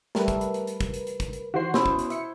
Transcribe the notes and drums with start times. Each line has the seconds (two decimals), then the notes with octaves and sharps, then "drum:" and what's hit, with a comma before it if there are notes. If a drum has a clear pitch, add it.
0.15 G3 A3 A#4 B4, drum: snare
0.28 drum: kick, hi-hat
0.41 drum: hi-hat
0.54 drum: hi-hat
0.67 drum: hi-hat
0.81 drum: kick, hi-hat
0.94 drum: hi-hat
1.07 drum: hi-hat
1.20 drum: kick, hi-hat
1.33 drum: hi-hat
1.54 D#3 E3 F#4 C5 C7
1.74 B2 C#4 E4 C5, drum: snare
1.86 drum: kick
1.99 drum: hi-hat
2.10 E5 C#7, drum: hi-hat